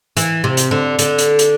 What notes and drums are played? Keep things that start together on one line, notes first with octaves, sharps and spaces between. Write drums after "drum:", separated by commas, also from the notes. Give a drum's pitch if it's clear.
E3, drum: hi-hat
C3
drum: hi-hat
D3
D3, drum: hi-hat
drum: hi-hat
drum: hi-hat